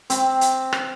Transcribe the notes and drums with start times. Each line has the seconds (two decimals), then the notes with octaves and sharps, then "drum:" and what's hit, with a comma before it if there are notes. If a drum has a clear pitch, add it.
0.10 C4, drum: hi-hat
0.41 drum: hi-hat
0.73 drum: rim click